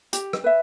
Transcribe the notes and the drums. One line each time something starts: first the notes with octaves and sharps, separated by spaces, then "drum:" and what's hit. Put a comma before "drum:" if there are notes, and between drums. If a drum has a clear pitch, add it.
G4, drum: hi-hat
drum: rim click
B4 E5